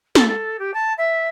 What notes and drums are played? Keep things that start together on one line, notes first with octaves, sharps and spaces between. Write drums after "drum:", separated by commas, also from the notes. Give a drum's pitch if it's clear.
A4, drum: snare
A4
G4
A5
E5